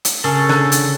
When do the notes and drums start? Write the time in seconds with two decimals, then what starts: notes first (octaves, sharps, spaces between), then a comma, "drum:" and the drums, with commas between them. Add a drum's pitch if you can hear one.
0.05 drum: hi-hat
0.24 C#3 A4 A#4 G#5
0.49 D3 E6 F#6, drum: rim click
0.72 drum: hi-hat